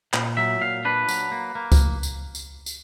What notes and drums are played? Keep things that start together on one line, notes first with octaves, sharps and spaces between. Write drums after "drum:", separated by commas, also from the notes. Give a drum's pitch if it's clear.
A#2, drum: clap
F#3 E5
A#2 F5
D4 B4
F#3, drum: tambourine
A#3
A#3
drum: kick C#2, tambourine
drum: tambourine
drum: tambourine
drum: tambourine